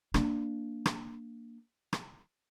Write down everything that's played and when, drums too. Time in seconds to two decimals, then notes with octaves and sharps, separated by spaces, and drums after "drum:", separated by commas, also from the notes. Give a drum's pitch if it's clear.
0.14 A#3 D4, drum: rim click
0.86 drum: rim click
1.93 drum: rim click